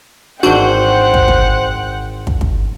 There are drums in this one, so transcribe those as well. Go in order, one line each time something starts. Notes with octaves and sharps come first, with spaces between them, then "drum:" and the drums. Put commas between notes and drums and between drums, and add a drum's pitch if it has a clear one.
G#1 E3 D4 F#4 C5 F#5 G5 G6
drum: kick
drum: kick
drum: kick
drum: kick